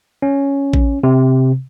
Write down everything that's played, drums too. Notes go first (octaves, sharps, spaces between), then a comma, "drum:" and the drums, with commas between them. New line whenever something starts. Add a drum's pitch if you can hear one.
C#4
drum: kick A1
C3